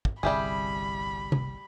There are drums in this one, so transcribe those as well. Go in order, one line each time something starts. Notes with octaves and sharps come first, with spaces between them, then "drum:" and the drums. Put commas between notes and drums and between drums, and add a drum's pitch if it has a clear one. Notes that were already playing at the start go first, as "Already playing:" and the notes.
drum: kick
G1 C2 G3 G4 G#4 E5 G#5 B5
drum: tom C3